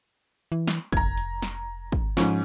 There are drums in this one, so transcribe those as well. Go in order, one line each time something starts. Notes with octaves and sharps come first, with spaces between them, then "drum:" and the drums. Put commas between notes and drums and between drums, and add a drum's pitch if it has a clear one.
E3
drum: snare
F1 A#5 G#6, drum: kick
drum: hi-hat
drum: snare
drum: kick
G#2 F3 C#4, drum: snare